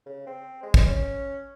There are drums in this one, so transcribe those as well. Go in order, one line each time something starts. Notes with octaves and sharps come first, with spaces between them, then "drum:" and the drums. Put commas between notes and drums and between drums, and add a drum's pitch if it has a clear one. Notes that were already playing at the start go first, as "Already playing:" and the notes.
C#3
C4
G#3
drum: kick
C#4